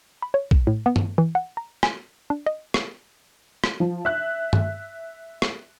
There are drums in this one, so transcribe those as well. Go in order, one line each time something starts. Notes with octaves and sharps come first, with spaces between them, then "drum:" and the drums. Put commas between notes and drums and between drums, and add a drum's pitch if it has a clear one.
B5
C#5
drum: kick A#1
A2
B3
drum: tom G2
E3
F#5
A#5
G#5, drum: rim click
D4
D#5
drum: rim click
drum: rim click
F3
E5 F#6
drum: tom G2
drum: rim click